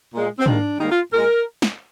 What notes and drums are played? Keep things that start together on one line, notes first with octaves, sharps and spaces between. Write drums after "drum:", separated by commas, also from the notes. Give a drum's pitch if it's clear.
A#2 G#3
C4
G#2 D#3 G3 A#3 D4, drum: tom G#2
G#2 D#3 G3 A#3 D#4
F4
A#2 G#3 A#4
drum: snare